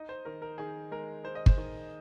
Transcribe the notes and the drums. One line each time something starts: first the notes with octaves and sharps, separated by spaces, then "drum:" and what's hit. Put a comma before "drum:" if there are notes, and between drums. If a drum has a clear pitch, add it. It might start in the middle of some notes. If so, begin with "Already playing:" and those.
Already playing: D#4 D#5
C5
D#3 A#4
A#4
D#3 G#4
G#3 A#4
D#4 C5
D#5
C5, drum: kick
D#3